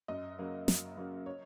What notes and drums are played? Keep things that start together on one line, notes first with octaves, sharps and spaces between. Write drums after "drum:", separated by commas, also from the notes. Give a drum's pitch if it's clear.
F#2 D#5
C#3 F#3 A#3
F#2, drum: snare
C#3 F#3 A#3
C#5